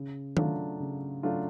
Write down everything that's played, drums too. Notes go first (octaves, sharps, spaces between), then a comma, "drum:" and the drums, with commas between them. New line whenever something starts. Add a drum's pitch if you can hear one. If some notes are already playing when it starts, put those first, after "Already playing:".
Already playing: C#3
F#3 A3 D4 F4, drum: tom D#3
C#3
F#3 A3 D4 F4